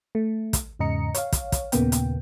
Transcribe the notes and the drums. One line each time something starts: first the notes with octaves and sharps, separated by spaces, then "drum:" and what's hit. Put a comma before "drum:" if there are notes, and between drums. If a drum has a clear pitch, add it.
A3
drum: kick, hi-hat
E2 G#2 C#3 D#5 A#5 C#7
C#5 F5, drum: hi-hat
drum: kick, hi-hat
drum: kick, hi-hat
D#2 A#2 C#3 A#3 B3 G5, drum: hi-hat
drum: hi-hat